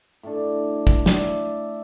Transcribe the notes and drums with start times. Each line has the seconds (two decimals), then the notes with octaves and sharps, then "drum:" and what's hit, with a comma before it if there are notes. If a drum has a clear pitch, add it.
0.23 A2 D4
0.87 drum: kick
1.06 D5 E5, drum: snare